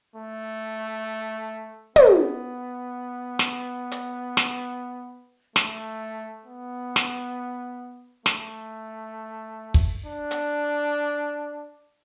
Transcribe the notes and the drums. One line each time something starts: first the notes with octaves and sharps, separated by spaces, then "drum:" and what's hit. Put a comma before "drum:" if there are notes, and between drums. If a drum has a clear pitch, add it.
A3
B3, drum: tom
drum: snare
drum: hi-hat
drum: snare
A3, drum: snare
B3
drum: snare
A3, drum: snare
drum: kick
D4
drum: hi-hat